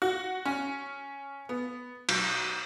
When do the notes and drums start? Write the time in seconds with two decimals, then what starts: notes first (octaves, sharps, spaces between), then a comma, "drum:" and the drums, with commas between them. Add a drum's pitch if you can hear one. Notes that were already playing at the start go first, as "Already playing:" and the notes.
0.02 F#4
0.45 C#4
1.49 B3
2.09 B1, drum: cymbal